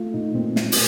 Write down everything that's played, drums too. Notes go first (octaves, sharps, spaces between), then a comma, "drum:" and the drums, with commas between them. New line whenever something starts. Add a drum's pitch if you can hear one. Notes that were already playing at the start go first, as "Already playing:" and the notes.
Already playing: A3 F4
A#2 D#4
A#2 C4
drum: snare
drum: open hi-hat